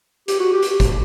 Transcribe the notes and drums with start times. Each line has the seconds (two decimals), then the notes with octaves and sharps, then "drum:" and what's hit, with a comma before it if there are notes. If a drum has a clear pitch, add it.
0.28 G4, drum: hi-hat
0.40 F#4
0.53 G4
0.63 drum: hi-hat
0.80 drum: kick, hi-hat